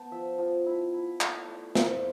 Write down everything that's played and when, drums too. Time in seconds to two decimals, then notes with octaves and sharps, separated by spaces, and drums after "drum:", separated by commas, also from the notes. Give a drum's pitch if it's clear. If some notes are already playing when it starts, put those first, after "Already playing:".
Already playing: B3 G5 A5
0.12 F3 E5
0.38 F3
0.66 E4
0.94 E4
1.21 A3 D5, drum: clap
1.48 A3 D5
1.75 E4 C5, drum: snare